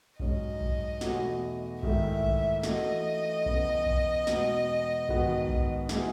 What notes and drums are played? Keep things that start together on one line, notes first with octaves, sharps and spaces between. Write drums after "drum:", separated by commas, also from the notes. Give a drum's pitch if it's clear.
G#2 F#3 C#4 D#5, drum: kick B1
drum: kick B1
E2 B2 A3 D#4 F#4, drum: snare
G#2 D#3 A3 E4 E5, drum: kick B1
drum: kick B1
E3 A3 D#4 F#4 A4 D#5, drum: snare
C#3 E3 B3, drum: kick B1
drum: kick B1
E2 B2 G#3 B3 F#4, drum: snare
G#2 D#3 G#3 B3 F#4, drum: kick B1
drum: kick B1
F#3 B3 E4 G#4 D#5, drum: snare